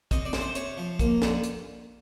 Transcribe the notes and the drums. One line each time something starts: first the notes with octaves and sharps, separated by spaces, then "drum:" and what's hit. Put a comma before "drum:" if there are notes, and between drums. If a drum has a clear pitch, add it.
C3 D#5, drum: kick, hi-hat
D5
C3, drum: snare
C5
C3 C#5, drum: hi-hat
F3
A#3, drum: kick, hi-hat
D3, drum: snare
drum: hi-hat